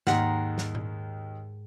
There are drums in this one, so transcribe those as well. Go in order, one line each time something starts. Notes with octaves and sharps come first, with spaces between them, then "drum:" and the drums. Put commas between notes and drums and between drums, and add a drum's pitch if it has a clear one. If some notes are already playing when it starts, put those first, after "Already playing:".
D#2 G#2 D#3 F#5 A#5 C6 B6, drum: snare
drum: snare
drum: tom A#2